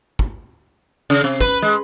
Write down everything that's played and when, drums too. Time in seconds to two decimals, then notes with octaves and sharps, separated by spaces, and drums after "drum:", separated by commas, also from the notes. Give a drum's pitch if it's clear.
0.19 drum: kick
1.10 C#3
1.24 C3
1.41 B4, drum: kick
1.62 G#3